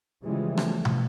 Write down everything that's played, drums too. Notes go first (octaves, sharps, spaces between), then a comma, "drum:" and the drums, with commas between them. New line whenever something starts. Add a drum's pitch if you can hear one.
C#3 E3 F3 G3 G#3
A3, drum: rim click
drum: tom B2